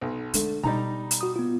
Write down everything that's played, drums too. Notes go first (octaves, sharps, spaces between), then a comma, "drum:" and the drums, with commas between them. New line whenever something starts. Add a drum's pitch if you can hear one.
B1
D3 G#3 A3, drum: hi-hat
B2 G3 D#4 A#5
drum: hi-hat
F#4 D#6
B3 F4